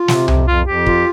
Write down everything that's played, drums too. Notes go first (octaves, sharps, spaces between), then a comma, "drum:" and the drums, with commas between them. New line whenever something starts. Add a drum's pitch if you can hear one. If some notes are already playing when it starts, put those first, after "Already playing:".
Already playing: F4
C3, drum: snare
F2, drum: tom C2
F2 F4
F2 G4
F4, drum: kick